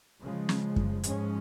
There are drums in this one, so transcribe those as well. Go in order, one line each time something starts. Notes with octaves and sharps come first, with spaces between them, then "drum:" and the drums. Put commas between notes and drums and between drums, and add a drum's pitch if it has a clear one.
C#3 F3 G#3
drum: snare
drum: kick F#2
G#2 F3 G#3 C#4, drum: hi-hat